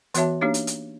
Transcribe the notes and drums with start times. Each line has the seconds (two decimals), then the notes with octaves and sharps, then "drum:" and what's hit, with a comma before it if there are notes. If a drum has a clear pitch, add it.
0.14 E3 B3 F#4 C#5 E5 A5, drum: hi-hat
0.41 A#3 D4 D#4 G4 C#5
0.54 drum: hi-hat
0.67 drum: hi-hat